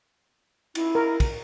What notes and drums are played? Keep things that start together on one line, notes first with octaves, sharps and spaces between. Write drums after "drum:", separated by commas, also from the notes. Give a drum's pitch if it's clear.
E4, drum: cymbal
A#4
drum: kick, cymbal